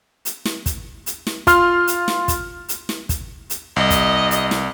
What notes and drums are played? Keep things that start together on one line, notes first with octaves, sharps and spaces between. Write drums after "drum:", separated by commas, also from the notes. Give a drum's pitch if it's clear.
drum: hi-hat
drum: snare
drum: kick, hi-hat
drum: hi-hat
drum: snare
F4 C6 F6, drum: kick, hi-hat
drum: hi-hat
drum: snare
drum: kick, hi-hat
drum: hi-hat
drum: snare
drum: kick, hi-hat
drum: hi-hat
C2 D#5
drum: kick, hi-hat
drum: hi-hat
drum: snare